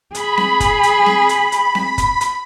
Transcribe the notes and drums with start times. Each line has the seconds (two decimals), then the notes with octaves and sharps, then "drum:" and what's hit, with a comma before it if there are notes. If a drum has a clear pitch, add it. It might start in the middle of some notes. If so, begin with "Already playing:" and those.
0.15 G#4 B5, drum: hi-hat
0.37 drum: snare C4
0.60 drum: kick G1, hi-hat
0.83 drum: hi-hat
1.06 drum: snare C4
1.29 drum: hi-hat
1.52 drum: hi-hat
1.75 drum: snare C4
1.98 drum: kick G1, hi-hat
2.21 drum: hi-hat